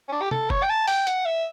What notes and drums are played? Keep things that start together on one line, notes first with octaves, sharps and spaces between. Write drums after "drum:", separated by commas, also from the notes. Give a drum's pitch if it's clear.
C#4
D4
G4
A4, drum: tom C3
C#5, drum: kick F1
G5
A5
G5, drum: open hi-hat
F#5, drum: hi-hat
E5